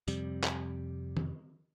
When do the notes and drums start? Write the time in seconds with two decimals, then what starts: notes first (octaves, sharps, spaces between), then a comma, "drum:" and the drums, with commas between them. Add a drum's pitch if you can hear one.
0.08 F2 C3 G3, drum: tambourine
0.44 drum: clap
1.17 drum: tom D#3